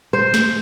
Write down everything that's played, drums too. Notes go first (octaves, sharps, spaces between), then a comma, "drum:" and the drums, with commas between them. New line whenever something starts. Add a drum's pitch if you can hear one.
C5
drum: snare